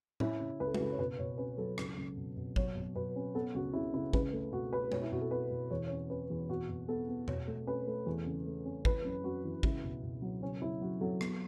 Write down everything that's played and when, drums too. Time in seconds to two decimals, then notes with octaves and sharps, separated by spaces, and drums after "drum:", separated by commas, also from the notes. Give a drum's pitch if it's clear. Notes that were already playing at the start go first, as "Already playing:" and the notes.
0.20 C#4 E4, drum: tom A2
0.40 C#3
0.60 C#2 B4
0.67 A4
0.74 F#4, drum: tom G#3
0.80 C#2 A4
0.92 C#5
0.98 B2 B4
1.19 B2 C#5
1.38 C#4 B4
1.58 F#3 A4
1.78 C#2, drum: rim click
1.97 C#2
2.16 B2
2.37 B2
2.56 F#3 C#5, drum: kick
2.75 B2
2.96 B2 B4
3.16 C#4
3.35 B3 A4
3.55 C#2 F#4
3.73 C#3 E4
3.94 C#3 E4
4.13 C#2 B4, drum: kick
4.33 A3
4.52 B2 F#4
4.72 C#4 B4
4.92 B2 C#5, drum: tom G#3
5.02 E4
5.12 B2 F#4
5.21 A4
5.31 B3 B4
5.51 B2
5.71 E2 C#5
5.87 C#5
5.90 C#4
6.10 C#4 B4
6.30 E2
6.49 B2 F#4
6.68 B2
6.88 B3 A4
7.08 B3
7.28 B2 C#5, drum: tom E2
7.47 A3
7.67 C#4 B4
7.87 A3
8.06 E2
8.26 C#3
8.46 A3
8.65 C#4
8.85 E3 B4, drum: kick
9.04 F#2
9.24 F#2 F#4
9.44 E3
9.63 C#2 E4, drum: kick
9.83 B2
10.03 B2
10.22 F#3
10.42 C#3 C#4
10.62 C#3 E4
10.81 F#3 F#4
11.01 F#3 A4
11.21 B3, drum: rim click